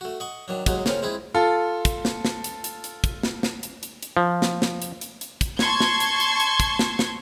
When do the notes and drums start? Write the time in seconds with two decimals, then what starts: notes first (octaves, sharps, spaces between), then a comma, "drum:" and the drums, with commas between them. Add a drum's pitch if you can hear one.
0.01 A3 F#4
0.20 D#5 F#5 C#6
0.48 D#3 F#3 D4
0.66 D#2 F#3 G#3 D#4 F#4 D#5, drum: kick, hi-hat
0.86 C#3 C4 C#4 A#4 C#5, drum: snare
1.02 G#3 C4 E4 G#4
1.34 F4 A4
1.85 drum: kick, hi-hat
2.05 drum: snare
2.25 drum: snare
2.44 drum: hi-hat
2.64 drum: hi-hat
2.84 drum: hi-hat
3.04 drum: kick, hi-hat
3.23 drum: snare
3.43 drum: snare
3.63 drum: hi-hat
3.83 drum: hi-hat
4.03 drum: hi-hat
4.17 F3
4.42 drum: snare
4.62 drum: snare
4.82 drum: hi-hat
5.01 drum: hi-hat
5.21 drum: hi-hat
5.41 drum: kick, hi-hat
5.59 A5 C6 C#6 G#6, drum: snare
5.80 drum: snare
6.00 drum: hi-hat
6.20 drum: hi-hat
6.40 drum: hi-hat
6.60 drum: kick, hi-hat
6.79 drum: snare
6.99 drum: snare